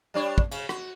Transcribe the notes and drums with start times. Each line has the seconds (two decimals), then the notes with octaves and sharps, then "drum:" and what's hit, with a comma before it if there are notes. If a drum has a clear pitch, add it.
0.14 G3 D4 C#5
0.38 drum: kick
0.51 C#3, drum: cymbal
0.69 F#4, drum: rim click